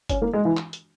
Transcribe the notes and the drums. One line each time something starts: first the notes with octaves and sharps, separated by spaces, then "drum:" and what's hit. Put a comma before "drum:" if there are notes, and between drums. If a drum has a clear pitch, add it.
C#4, drum: kick, hi-hat
A#3
G#3
E3
drum: clap
drum: hi-hat